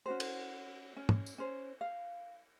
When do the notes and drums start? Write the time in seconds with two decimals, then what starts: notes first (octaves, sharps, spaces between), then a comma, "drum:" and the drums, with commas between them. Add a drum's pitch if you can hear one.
0.06 C#4 F#4 C5
0.20 drum: cymbal
0.97 C#4
1.09 drum: tom
1.26 drum: tambourine
1.38 C#4 C5
1.81 F5